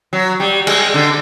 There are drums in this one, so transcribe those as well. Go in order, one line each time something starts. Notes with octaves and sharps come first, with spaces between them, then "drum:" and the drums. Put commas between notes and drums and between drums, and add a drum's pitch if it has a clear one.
F#3
G3
G#3, drum: cymbal
D3